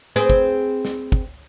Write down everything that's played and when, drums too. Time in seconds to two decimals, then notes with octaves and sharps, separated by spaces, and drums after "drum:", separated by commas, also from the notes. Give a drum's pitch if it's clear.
0.16 C4 G#4 B4
0.30 drum: kick
0.85 drum: snare
1.12 drum: kick